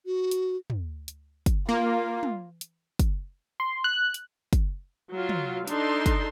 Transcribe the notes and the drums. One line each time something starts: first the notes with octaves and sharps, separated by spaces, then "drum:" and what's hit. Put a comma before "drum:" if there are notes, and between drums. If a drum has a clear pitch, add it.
F#4
drum: hi-hat
drum: tom
drum: hi-hat
drum: kick, hi-hat
A#3 F4
drum: tom
drum: hi-hat
drum: kick, hi-hat
C6
F#6
drum: hi-hat
drum: kick, hi-hat
F#3 F4
drum: tom
D4 D#4 A4 C6, drum: hi-hat
drum: kick, hi-hat